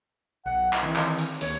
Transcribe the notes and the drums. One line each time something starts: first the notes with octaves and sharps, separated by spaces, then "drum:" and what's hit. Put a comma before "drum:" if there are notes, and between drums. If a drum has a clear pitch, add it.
B1 F#5
drum: clap
D#3 E3 C4
drum: clap
drum: hi-hat
D#2 C#5, drum: hi-hat